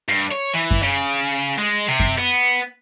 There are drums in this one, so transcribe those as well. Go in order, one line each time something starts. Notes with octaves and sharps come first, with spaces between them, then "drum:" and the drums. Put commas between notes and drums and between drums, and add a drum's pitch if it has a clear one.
G2
C#5
E3
drum: kick F#2
C#3
G#3
C3
drum: kick F#2
B3